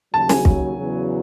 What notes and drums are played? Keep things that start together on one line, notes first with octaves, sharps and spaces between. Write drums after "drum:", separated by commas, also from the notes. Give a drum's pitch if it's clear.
D#2 C#3 F#3 A5
G#5, drum: snare
drum: kick
E2 C#3 F#3